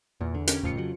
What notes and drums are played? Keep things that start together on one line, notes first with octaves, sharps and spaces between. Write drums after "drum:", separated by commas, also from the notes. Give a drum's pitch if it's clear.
E2 A#2
D3
C#4 G4 A#4, drum: hi-hat
D#1 F2 A2 C#3 F4 C#7
C#3 F#3